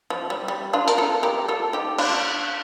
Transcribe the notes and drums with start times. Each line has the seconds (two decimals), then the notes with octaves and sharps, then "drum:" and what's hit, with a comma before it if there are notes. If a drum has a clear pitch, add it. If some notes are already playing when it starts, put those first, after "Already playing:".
0.10 F3
0.30 G3
0.48 G3
0.73 D4 F4
0.88 A#4, drum: hi-hat
0.98 F4 A4
1.23 G4 A#4
1.48 F4 A4
1.73 D#4 G4
1.98 D4 F4, drum: cymbal